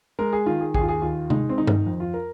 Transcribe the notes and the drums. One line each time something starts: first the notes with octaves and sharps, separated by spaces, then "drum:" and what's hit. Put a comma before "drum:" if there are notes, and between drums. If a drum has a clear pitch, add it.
G#3 A#4
G#4
D#3 F4
G#4
D#2 G#4, drum: kick A#1
F4
G#4
D#2 F4
G#3 D#4, drum: tom C3
C4
D#3 D#4
drum: tom G2
F2
F4
A#4